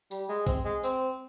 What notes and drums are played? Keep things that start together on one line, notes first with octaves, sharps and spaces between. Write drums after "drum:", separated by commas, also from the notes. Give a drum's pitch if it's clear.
G3, drum: tambourine
G#3
C4, drum: kick, tambourine
G#3
C4, drum: tambourine